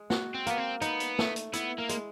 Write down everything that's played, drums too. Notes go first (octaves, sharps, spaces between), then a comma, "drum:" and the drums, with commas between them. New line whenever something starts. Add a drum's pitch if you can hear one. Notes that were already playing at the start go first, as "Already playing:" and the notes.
Already playing: G#3
F#4, drum: snare
C4
A#3 B3, drum: hi-hat
C4
B3 D#4, drum: hi-hat
drum: hi-hat
A3, drum: snare
drum: hi-hat
B3 E4, drum: hi-hat
A#3
G#3, drum: hi-hat